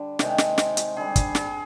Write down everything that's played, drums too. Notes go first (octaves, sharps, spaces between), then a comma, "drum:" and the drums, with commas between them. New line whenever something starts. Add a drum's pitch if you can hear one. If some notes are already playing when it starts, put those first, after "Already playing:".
Already playing: D3 G3
C3 D#3 G#3, drum: snare
drum: snare
drum: snare
drum: hi-hat
D3 G3 G#4
drum: kick, hi-hat
G#4, drum: snare